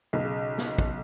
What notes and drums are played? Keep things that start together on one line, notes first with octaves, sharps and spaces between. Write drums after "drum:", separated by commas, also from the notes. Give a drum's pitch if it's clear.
B1 C#3
drum: snare
drum: kick